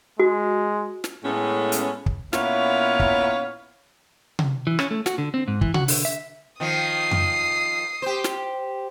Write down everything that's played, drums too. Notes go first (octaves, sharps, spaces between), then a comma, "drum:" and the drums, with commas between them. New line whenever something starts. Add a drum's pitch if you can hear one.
G#3 F#4
drum: snare
A2 G#3 A3 B3 C#4
drum: hi-hat
drum: kick
A#2 B3 C#4 E4 C#5 F5, drum: snare
drum: kick
drum: tom C3
E3
C#4, drum: rim click
A3
F#4, drum: snare
D3
C4
G#2
E3, drum: kick
F#4, drum: tom C3
D3, drum: open hi-hat
E5
D#3 F3 D#6 C7
drum: tom F2
G4 C5
drum: snare